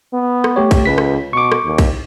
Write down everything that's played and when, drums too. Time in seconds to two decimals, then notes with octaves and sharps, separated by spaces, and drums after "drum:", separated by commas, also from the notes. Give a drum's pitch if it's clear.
0.13 B3
0.44 drum: rim click
0.56 A3 G4 C#5
0.71 drum: kick, cymbal
0.85 C#2 B4 B6
0.98 drum: rim click
1.33 B2 C#6 D6
1.52 drum: rim click
1.65 D#2
1.78 drum: kick, cymbal